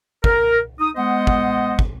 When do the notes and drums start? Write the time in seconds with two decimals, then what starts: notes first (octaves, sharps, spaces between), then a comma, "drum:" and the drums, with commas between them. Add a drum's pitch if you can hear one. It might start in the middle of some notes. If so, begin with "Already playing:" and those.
0.24 A#4, drum: kick
0.80 D#4 D#6
0.97 G#3 B3 C5 D#5 F#5
1.27 drum: kick
1.79 drum: kick